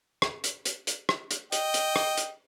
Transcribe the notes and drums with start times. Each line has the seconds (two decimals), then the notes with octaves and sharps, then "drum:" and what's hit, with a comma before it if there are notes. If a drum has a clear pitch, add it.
0.22 drum: rim click
0.44 drum: hi-hat
0.65 drum: hi-hat
0.87 drum: hi-hat
1.09 drum: rim click
1.31 drum: hi-hat
1.52 D#5 G5, drum: hi-hat
1.74 drum: hi-hat
1.96 drum: rim click
2.17 drum: hi-hat